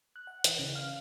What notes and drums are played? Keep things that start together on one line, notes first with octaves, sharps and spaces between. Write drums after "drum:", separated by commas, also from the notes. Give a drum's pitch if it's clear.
F#6
F#5
E3, drum: hi-hat
C#3
F5